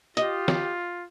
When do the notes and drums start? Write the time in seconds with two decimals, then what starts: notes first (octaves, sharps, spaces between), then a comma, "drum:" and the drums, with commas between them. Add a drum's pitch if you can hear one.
0.17 F4 G4 D#5, drum: hi-hat
0.48 drum: snare